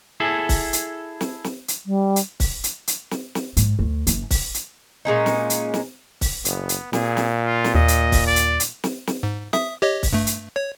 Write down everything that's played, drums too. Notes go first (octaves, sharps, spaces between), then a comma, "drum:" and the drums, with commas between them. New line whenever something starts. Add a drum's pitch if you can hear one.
E4 G#4 A4
drum: kick, open hi-hat
drum: hi-hat
drum: snare
drum: snare
drum: hi-hat
G3
drum: hi-hat
drum: kick, open hi-hat
drum: hi-hat
drum: hi-hat
drum: snare
drum: snare
G#2, drum: hi-hat
D2
F#1, drum: hi-hat
drum: kick, open hi-hat
drum: hi-hat
A#2 G#3 C#4 D#4
drum: snare
drum: hi-hat
drum: snare
drum: kick, open hi-hat
F#1 B3, drum: hi-hat
drum: hi-hat
A#2 G#4, drum: snare
drum: snare
F4
drum: snare
D#2 D#5
drum: hi-hat
drum: kick, open hi-hat
D5
drum: hi-hat
drum: hi-hat
drum: snare
drum: snare
G#2
E5 D#6, drum: snare
G4 C#5 D#5
drum: kick, open hi-hat
G2 A3
drum: hi-hat
C#5